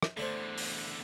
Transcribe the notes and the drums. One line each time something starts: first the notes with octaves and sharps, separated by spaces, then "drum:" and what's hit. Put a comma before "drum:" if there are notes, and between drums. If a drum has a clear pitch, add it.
drum: rim click
E2 D3 A3 D4 C5
drum: open hi-hat